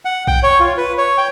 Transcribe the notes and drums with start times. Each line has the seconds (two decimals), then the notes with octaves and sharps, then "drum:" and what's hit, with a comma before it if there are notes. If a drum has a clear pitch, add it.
0.05 F#5
0.27 G5, drum: kick A#1
0.43 C#5
0.60 F4
0.77 B4
0.98 C#5
1.18 G5